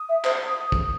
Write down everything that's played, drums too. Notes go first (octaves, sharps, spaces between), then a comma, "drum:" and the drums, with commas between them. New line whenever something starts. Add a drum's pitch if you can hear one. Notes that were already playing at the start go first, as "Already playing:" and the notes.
Already playing: D#6
E5
C5, drum: clap
drum: kick